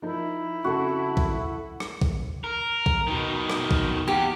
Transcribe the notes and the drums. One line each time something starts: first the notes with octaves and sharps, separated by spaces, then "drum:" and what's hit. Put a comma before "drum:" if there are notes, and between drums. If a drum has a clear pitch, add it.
F3 D#4 E4 A#4
F2 C#3 F#4 A4
drum: kick
drum: rim click
drum: kick
A#4
drum: kick
B2 D#3
drum: rim click
drum: kick
E2 G4